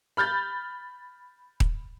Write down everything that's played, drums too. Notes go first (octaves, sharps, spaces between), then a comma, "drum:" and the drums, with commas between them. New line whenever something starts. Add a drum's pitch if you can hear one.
B5 F6 G6 A6
drum: kick D#1